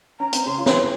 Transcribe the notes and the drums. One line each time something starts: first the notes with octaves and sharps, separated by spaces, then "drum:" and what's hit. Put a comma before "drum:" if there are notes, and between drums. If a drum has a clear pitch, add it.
C#4 A#5
C4, drum: hi-hat
C#3 C#4 C6
F4
E3 E4 C6, drum: snare